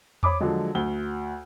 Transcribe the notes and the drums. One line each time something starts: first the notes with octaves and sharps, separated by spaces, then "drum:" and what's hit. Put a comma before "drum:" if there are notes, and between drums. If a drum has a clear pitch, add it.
C#5 B5 D6 D#6, drum: tom E2
D3 F3 F#3 G#3
D2 G7